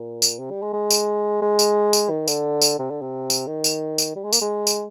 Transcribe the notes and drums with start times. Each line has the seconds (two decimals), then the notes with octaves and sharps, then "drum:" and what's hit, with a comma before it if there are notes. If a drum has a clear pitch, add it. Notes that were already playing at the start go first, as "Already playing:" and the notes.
Already playing: A#2
0.22 drum: tambourine
0.39 C3
0.51 G3
0.62 G#3
0.73 G#3
0.90 drum: tambourine
1.42 G#3
1.59 drum: tambourine
1.93 drum: tambourine
2.10 D#3
2.28 D3, drum: tambourine
2.62 drum: tambourine
2.79 C3
2.90 D3
3.01 C3
3.30 drum: tambourine
3.47 D#3
3.64 drum: tambourine
3.98 drum: tambourine
4.16 G3
4.24 G#3
4.33 A#3, drum: tambourine
4.41 G#3
4.67 drum: tambourine